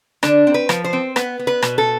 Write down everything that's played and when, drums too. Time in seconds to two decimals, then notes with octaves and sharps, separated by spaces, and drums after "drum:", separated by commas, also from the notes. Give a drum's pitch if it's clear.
0.23 D3 D4, drum: rim click
0.47 C4
0.54 B4
0.69 F3, drum: rim click
0.84 C5
0.93 C4
1.16 B3 B4, drum: rim click
1.39 B3
1.47 B4
1.62 B2, drum: rim click
1.78 A4